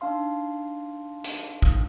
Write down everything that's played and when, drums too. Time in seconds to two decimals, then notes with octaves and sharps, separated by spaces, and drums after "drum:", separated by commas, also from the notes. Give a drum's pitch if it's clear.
0.01 D4 D#4 F5 C6
1.24 drum: hi-hat
1.62 drum: kick